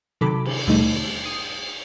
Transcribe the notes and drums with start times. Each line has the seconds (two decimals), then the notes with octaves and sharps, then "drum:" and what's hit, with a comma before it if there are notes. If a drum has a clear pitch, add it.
0.21 C3 D#3 F#3 A4 B5 D6
0.45 drum: cymbal
0.67 D#2 B2 D3 G3 A3 D#4
1.24 D#6 C7